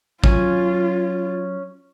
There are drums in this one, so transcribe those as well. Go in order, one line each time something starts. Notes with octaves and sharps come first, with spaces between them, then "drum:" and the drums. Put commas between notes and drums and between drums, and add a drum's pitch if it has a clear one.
F#3 C#4 F4 G#5, drum: kick